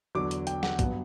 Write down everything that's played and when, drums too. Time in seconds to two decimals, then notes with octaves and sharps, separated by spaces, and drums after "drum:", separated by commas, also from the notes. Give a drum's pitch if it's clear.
0.15 E2 D3 F#3 D6
0.31 drum: hi-hat
0.47 G5, drum: hi-hat
0.63 F#5, drum: snare
0.79 G2 F#3 B3, drum: kick, hi-hat